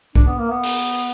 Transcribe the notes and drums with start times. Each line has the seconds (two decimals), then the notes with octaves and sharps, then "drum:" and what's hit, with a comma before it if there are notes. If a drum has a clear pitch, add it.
0.15 D4, drum: kick
0.27 B3
0.38 A#3
0.50 B3
0.63 drum: open hi-hat